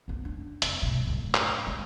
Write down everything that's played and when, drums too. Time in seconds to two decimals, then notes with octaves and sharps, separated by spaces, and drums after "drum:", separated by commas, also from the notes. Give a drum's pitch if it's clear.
0.08 F#2 B3
0.25 D4
0.62 F1, drum: hi-hat
0.82 G2 B2
1.06 F#2 A2
1.34 drum: clap
1.67 G#3